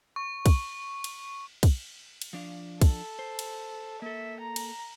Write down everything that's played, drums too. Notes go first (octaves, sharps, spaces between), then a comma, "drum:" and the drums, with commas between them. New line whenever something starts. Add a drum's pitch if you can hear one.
C#6
drum: kick, cymbal
drum: cymbal
drum: kick, cymbal
drum: cymbal
F3 D4 F5
A4, drum: kick, cymbal
C5
drum: cymbal
A#3 A4 E5
A#5
drum: cymbal